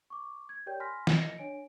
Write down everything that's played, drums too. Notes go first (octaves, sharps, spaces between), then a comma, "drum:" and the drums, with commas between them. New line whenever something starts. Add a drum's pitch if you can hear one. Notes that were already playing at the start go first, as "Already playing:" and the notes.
C#6 D6
G#6
G4 A#4 C#5 D5 G5 G6
G#5 B5 C6 F6 A#6 B6
drum: snare
D#5 A#6 C#7
D4 C#5 G#5 D7